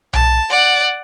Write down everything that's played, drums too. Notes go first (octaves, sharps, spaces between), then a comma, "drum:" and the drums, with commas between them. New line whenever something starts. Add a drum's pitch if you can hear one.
A5, drum: tom B1
D5 F#5